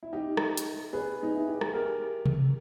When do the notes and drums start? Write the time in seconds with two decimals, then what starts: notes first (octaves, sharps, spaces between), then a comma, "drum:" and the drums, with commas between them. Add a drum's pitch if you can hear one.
0.03 E4
0.13 D#4 G4
0.37 drum: rim click
0.57 drum: hi-hat
0.93 G#4 B4
1.23 D#4
1.35 E4
1.48 G4
1.61 G#4, drum: rim click
1.73 G4 A#4
2.26 drum: tom C3